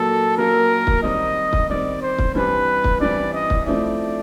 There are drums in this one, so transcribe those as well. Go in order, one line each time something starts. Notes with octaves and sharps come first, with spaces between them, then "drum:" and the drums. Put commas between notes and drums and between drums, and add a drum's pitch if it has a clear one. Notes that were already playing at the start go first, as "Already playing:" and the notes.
Already playing: A#2 F#3 A#3 A4
A#2 F#3 A#3 A#4
drum: kick
D#3 G3 C4 D#5
drum: kick
D#3 G3 C4 D5
C5
drum: kick
G2 E3 G3 C4 B4
drum: kick
G2 E3 G3 C4 D5
D#5
drum: kick
A2 F3 A3 C4 E4 D5